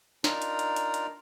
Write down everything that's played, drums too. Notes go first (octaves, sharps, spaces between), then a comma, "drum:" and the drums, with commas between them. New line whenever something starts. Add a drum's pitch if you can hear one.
D4 D#4 F4 A#4 A#5, drum: snare
drum: hi-hat
drum: hi-hat
drum: hi-hat
drum: hi-hat